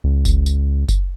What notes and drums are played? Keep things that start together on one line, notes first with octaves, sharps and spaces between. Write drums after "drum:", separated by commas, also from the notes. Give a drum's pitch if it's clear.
C#2
drum: kick F#1, tambourine
drum: tambourine
drum: kick F#1, tambourine